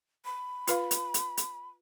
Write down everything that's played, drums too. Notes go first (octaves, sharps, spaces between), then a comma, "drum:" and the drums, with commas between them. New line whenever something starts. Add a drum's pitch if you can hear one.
B5
F4 B4 F5, drum: hi-hat
drum: hi-hat
drum: hi-hat
drum: hi-hat